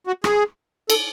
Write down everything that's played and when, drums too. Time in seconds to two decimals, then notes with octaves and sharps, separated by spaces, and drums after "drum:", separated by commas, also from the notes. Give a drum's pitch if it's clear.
0.07 F#4
0.24 G#4, drum: rim click
0.90 A4, drum: cymbal